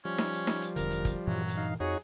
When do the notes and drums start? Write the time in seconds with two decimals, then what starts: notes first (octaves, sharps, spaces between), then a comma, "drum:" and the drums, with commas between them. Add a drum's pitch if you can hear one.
0.05 F3 G3 C#4
0.18 drum: snare D#4
0.33 drum: hi-hat
0.47 drum: snare D#4
0.62 drum: hi-hat
0.76 E1 D3 A#4, drum: hi-hat
0.91 drum: hi-hat
1.05 drum: kick, hi-hat
1.27 G2 A#2 E3 F#3
1.48 drum: hi-hat
1.57 D#4 F5
1.80 F2 D#4 F#4 G#4 C#5